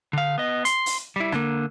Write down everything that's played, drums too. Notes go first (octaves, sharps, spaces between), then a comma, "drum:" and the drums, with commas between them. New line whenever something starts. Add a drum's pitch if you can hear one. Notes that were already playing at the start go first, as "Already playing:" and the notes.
D3 F5
B3 D#5
C6, drum: hi-hat
drum: open hi-hat
G3 E4
D3 A#3, drum: rim click